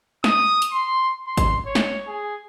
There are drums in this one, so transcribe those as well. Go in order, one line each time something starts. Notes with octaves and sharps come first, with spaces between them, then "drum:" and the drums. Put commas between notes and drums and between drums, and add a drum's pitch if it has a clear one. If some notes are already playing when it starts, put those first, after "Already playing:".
D#6, drum: snare
drum: hi-hat
C6
C6
drum: kick G#1, hi-hat
C#5
drum: snare
G#4